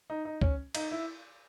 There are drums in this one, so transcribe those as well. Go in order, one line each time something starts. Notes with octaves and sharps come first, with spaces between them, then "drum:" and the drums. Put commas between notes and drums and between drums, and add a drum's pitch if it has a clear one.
D#4
D#4
C#4, drum: kick
D#4, drum: cymbal
E4